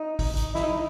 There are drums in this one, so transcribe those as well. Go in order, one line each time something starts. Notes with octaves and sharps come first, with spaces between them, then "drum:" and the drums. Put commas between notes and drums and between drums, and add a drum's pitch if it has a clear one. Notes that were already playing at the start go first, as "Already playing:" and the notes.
Already playing: D#4
drum: kick A1, open hi-hat
drum: hi-hat
E4, drum: snare
D#4